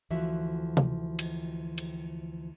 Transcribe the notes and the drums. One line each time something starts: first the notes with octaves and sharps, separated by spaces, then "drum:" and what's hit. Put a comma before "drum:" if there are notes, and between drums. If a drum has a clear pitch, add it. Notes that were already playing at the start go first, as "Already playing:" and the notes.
D2 E3 F3 F#4 E5
drum: tom C3
drum: cymbal
drum: cymbal